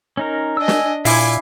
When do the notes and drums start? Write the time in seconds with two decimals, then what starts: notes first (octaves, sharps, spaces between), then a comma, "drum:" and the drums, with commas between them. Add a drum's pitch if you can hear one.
0.17 C#4 D#4 A#4
0.57 D4 D#5 G#5 E6
0.68 drum: snare
1.05 A#2 E4 E5 F5 G#5 D6, drum: open hi-hat